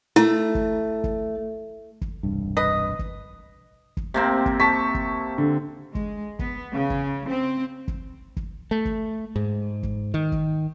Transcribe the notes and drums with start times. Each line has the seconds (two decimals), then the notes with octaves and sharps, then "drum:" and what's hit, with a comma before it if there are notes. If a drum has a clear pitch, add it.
0.16 A3 E4
0.55 drum: kick
1.04 drum: kick
2.01 drum: kick
2.23 E1 C2 G2
2.57 B4 D#5
2.99 drum: kick
3.97 drum: kick
4.14 C3 A#3 C4
4.46 drum: kick
4.60 A5 C#6 B6
4.95 drum: kick
5.38 D3
5.95 G#3, drum: kick
6.39 B3, drum: kick
6.74 C#3
6.90 drum: kick
7.29 C4
7.88 drum: kick
8.37 drum: kick
8.71 A3
8.85 drum: kick
9.36 G#2
9.83 drum: kick
10.14 D#3
10.32 drum: kick